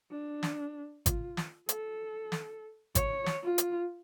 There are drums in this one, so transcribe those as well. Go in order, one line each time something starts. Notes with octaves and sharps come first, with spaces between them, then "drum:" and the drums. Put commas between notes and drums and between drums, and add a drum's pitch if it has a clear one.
D4
drum: snare
F4, drum: kick, hi-hat
drum: snare
A4, drum: hi-hat
drum: snare
C#5, drum: kick, hi-hat
drum: snare
F4
drum: hi-hat